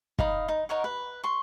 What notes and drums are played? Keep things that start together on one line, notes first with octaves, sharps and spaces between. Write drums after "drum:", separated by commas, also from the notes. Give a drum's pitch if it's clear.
D#4 F5 B5 D#6, drum: kick
D#4
D#4 A#4 C#5 F#5
B4
C6 C#6